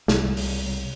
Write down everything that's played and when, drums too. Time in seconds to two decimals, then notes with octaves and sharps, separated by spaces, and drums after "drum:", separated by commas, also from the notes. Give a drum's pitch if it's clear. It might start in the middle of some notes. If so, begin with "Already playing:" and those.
0.08 C2, drum: snare
0.37 drum: open hi-hat